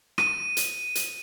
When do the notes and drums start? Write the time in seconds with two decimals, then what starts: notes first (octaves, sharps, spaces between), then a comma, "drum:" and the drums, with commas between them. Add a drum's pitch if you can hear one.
0.18 D#7, drum: rim click
0.57 drum: hi-hat
0.95 drum: hi-hat